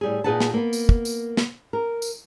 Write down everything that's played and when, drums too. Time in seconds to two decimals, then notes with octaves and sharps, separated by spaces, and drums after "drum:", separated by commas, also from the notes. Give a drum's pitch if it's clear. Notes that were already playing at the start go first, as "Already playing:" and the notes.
0.01 A2 G3 G#4
0.24 A#2 D#4 G#4 B4 F#5 A5
0.40 drum: snare
0.54 A#3 B3
0.73 drum: tambourine
0.89 drum: kick
1.05 drum: tambourine
1.37 drum: snare
1.73 A#4
2.02 drum: tambourine